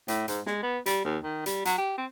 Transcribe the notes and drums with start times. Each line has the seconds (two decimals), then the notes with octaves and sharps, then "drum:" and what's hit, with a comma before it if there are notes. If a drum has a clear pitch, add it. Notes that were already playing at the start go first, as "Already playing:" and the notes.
0.08 A2, drum: hi-hat
0.28 G#2, drum: hi-hat
0.46 G#3, drum: snare
0.63 B3
0.86 G3, drum: hi-hat
1.05 D#2
1.23 D#3
1.46 G3, drum: hi-hat
1.65 F#3, drum: hi-hat
1.78 G4
1.98 C4